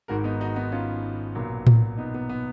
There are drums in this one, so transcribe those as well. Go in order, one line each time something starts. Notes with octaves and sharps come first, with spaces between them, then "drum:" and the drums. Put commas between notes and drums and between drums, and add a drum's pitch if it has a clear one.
G#1 G#2 D#3 F#4 A#4
B3 D#4
D#4 F#4
B3 D#4
C#4 F4
B1 A#2 F#3
drum: tom A2
B3 D#4
B3
B3